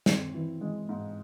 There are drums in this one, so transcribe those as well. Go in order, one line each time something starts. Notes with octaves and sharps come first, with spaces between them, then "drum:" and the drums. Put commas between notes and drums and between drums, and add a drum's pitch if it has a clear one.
C4, drum: snare
E3
G#3
G#2